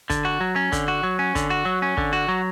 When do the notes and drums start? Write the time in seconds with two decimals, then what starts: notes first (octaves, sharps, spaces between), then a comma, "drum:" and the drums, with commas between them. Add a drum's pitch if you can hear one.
0.10 D3, drum: kick, hi-hat
0.25 F#4
0.40 F#3
0.56 C#4
0.72 D3, drum: kick, hi-hat
0.88 F#4
1.03 F#3
1.19 C#4
1.35 D3, drum: kick, hi-hat
1.50 F#4
1.65 F#3
1.82 C#4
1.97 D3, drum: kick
2.13 F#4
2.28 F#3